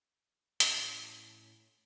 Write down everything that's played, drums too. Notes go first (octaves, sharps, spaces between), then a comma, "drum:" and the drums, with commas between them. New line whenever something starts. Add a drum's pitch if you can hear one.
A2 C#4, drum: hi-hat